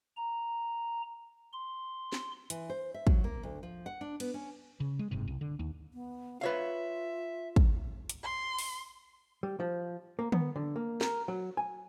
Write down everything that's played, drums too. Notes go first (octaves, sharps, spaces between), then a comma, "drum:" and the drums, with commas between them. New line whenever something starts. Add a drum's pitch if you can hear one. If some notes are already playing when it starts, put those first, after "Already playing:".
A#5
C6
drum: snare
E3, drum: hi-hat
C5
E5
F#3, drum: kick
A#3
D2
F3
F#5
D4
B3, drum: cymbal
C#4
C#3
G#3
F#1 G#2 C3
C2
D3
D#2
B3
F4 B4 C#5 E5 F5
drum: kick
drum: hi-hat
C6
drum: open hi-hat
G3
F3
A#3
B3, drum: tom
D3
A#3
A#4, drum: snare
F#3
G#5